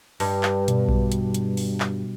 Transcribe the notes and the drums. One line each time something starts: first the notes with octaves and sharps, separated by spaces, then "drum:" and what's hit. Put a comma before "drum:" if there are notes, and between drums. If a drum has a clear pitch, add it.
G2, drum: open hi-hat
drum: clap
B2, drum: hi-hat
drum: kick A#1
drum: hi-hat
drum: hi-hat
drum: open hi-hat
drum: clap